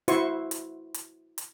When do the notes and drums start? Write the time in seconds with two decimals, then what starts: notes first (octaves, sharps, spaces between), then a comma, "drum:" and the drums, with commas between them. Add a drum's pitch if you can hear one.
0.08 E4 F#4 C5 C#6, drum: hi-hat
0.51 drum: hi-hat
0.94 drum: hi-hat
1.38 drum: hi-hat